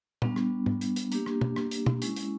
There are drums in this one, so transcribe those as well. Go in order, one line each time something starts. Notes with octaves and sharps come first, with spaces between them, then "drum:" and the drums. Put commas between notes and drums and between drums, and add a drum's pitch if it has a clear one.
G3 B3 D4, drum: tom
drum: rim click
drum: tom G#2
drum: hi-hat
drum: hi-hat
A#3 D4 G4, drum: hi-hat
drum: rim click
drum: tom B2
drum: rim click
drum: hi-hat
drum: tom B2
G#3 C#4 E4, drum: hi-hat
drum: hi-hat